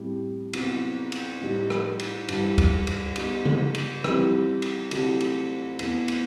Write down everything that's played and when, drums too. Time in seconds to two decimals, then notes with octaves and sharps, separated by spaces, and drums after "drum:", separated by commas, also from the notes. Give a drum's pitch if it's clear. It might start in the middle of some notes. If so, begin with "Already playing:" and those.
Already playing: A2 G3 C4 E4 G4
0.53 C3 F#3 B3 E4, drum: cymbal
1.12 drum: cymbal
1.41 A2 G3 D#4 G4
1.70 drum: rim click
2.00 drum: cymbal
2.29 G2 E3 G3, drum: cymbal
2.58 drum: kick C#2, cymbal
2.87 drum: cymbal
3.16 B2 G3 D#4 G4, drum: cymbal
3.45 drum: tom C#3
3.75 drum: cymbal
4.04 E3 G3 C4 E4 G4, drum: rim click
4.62 drum: cymbal
4.91 C3 F#3 A3 E4 G4, drum: cymbal
5.20 drum: cymbal
5.79 E2 B2 A3, drum: cymbal
6.08 drum: cymbal